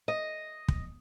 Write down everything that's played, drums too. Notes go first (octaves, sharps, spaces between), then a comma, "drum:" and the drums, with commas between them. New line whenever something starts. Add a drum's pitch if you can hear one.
D#5
drum: kick